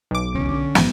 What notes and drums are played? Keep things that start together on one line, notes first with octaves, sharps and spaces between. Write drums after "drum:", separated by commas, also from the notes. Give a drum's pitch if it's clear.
B1 D6
E1 C#2 C#4
D3
A#1 G#2, drum: snare